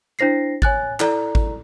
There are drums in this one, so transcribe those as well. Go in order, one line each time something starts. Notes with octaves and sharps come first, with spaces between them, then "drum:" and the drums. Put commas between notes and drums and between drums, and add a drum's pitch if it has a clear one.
D4 E4 C5 A#6 C7
C#5 G#5 F#6 A6, drum: kick G#1
E4 A4 D5 A#5, drum: clap
drum: kick G#1